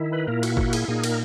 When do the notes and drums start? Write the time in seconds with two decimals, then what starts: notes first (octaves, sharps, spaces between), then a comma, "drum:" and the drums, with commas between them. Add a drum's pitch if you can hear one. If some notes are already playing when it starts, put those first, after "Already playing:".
Already playing: D#3 E4
0.13 B4
0.27 A#2 A#3 E4 A#4
0.43 F#4, drum: cymbal
0.57 F#4, drum: kick
0.73 G#4, drum: cymbal
0.88 A#2 A#3 D#4 G#4
1.04 A#4, drum: cymbal